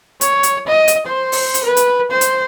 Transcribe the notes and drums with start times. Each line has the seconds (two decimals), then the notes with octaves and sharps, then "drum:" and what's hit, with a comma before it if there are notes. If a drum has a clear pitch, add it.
0.21 C#5, drum: hi-hat
0.43 drum: hi-hat
0.67 D#5
0.88 drum: hi-hat
1.06 C5
1.32 drum: open hi-hat
1.54 drum: hi-hat
1.63 B4
1.77 drum: hi-hat
2.11 C5
2.21 drum: hi-hat